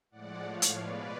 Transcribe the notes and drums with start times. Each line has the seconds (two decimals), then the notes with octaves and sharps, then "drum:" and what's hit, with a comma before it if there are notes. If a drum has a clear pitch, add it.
0.11 A2 F3 G#3 D5 F#5
0.43 A2 F3 A3 C#5 F5
0.62 drum: hi-hat
0.76 B2 G#3 B4 D5